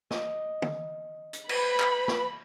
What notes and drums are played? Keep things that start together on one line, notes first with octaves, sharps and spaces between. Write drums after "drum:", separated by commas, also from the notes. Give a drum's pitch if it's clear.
D#5, drum: snare
drum: tom
drum: hi-hat
B4 B5, drum: cymbal
drum: clap
drum: snare